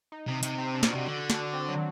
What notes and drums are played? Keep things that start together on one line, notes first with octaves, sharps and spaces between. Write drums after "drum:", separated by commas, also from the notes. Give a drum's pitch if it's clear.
D#4
C3
C3, drum: hi-hat
C4
D4
A#2, drum: snare
C3 F#4
D3 F#4
D4, drum: snare
C4
F#3